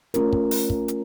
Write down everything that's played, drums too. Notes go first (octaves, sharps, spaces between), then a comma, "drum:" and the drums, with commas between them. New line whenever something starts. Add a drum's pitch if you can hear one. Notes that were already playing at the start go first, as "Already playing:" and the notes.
A3 C#4 F4 A#4, drum: hi-hat
drum: kick
drum: open hi-hat
drum: kick
drum: hi-hat